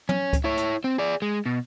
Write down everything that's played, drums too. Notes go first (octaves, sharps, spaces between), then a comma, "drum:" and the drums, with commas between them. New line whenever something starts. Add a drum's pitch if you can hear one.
C#4, drum: tom
drum: kick C#2, hi-hat
E4 C#5
drum: hi-hat
C4
G#4 D5
G#3
B2